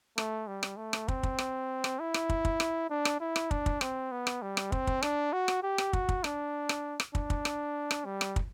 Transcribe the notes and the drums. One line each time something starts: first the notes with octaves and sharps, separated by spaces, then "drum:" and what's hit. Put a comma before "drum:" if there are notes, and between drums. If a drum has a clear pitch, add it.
A3, drum: rim click
G3
drum: rim click
A3
drum: rim click
C4, drum: kick
drum: kick
drum: rim click
drum: rim click
E4
drum: rim click
drum: kick
drum: kick
drum: rim click
D4
drum: rim click
E4
drum: rim click
D4, drum: kick
drum: kick
C4, drum: rim click
B3
drum: rim click
G3
drum: rim click
C4, drum: kick
drum: kick
D4, drum: rim click
F#4
drum: rim click
G4
drum: rim click
F#4, drum: kick
drum: kick
D4, drum: rim click
drum: rim click
drum: rim click
D4, drum: kick
drum: kick
drum: rim click
drum: rim click
G3
drum: rim click
drum: kick